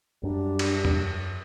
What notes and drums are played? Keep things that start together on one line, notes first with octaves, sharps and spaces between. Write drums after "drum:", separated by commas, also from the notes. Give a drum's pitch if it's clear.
F#2 G3 D4
drum: cymbal
drum: tom E2